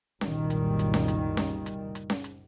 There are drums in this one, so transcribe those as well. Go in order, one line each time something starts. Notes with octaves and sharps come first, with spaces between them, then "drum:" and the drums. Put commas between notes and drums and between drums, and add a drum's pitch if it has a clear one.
F#1 C2 A#2 D#3 G3, drum: snare C#4
drum: hi-hat
drum: hi-hat
drum: snare C#4
drum: hi-hat
drum: snare C#4
drum: hi-hat
drum: hi-hat
drum: snare C#4
drum: hi-hat